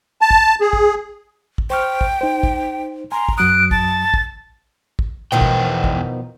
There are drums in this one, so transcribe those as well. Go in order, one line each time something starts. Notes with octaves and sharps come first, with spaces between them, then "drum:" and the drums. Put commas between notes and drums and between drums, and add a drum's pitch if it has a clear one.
A5
drum: kick
G#4
drum: kick
drum: kick
C5 G5 C#6 F6
drum: kick
D#4 C5
drum: kick
G#5 A#5 C6
drum: kick
F#2 F#3 D#6 F#6 D7
A5 A6, drum: kick
drum: kick
drum: kick
E2 B2 D#3 F3 B4 G5
drum: kick
drum: kick